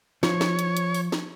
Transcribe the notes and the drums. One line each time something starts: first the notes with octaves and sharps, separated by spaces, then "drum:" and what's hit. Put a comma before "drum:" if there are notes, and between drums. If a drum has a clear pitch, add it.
F3 C#5, drum: snare
drum: snare
drum: hi-hat
drum: hi-hat
drum: open hi-hat
drum: snare